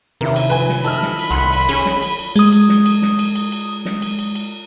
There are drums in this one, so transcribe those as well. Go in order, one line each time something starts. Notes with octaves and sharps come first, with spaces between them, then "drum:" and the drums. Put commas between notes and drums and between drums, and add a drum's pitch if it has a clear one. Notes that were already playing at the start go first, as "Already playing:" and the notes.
C3 D#3 C#4 E4 A#4 E5
drum: cymbal
F3 B4 G#5, drum: cymbal
drum: snare
E4 A4 D#5 A5 B5 E6 F6, drum: cymbal
drum: snare
drum: cymbal
C2 F#5 C6
drum: cymbal
C#4 G#4, drum: cymbal
drum: snare
drum: cymbal
drum: cymbal
G#3 D#6, drum: cymbal
drum: cymbal
drum: snare
drum: cymbal
drum: snare
drum: cymbal
drum: cymbal
drum: cymbal
drum: snare
drum: cymbal
drum: cymbal
drum: cymbal